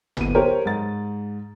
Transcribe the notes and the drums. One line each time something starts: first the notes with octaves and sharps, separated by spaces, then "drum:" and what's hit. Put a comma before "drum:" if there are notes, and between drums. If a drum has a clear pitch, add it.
D1 B3 D#7, drum: tom G1
G4 A#4 C5 C#5
G#2 A6